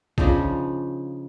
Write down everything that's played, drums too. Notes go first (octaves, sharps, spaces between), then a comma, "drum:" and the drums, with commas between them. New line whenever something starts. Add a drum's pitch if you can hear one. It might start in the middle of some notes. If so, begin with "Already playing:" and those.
C#3 F3 D4 D#4, drum: kick